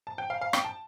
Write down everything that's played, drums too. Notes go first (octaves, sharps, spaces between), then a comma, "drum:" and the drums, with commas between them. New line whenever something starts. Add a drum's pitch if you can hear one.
A5
G5
F5
F5
G5, drum: rim click
A5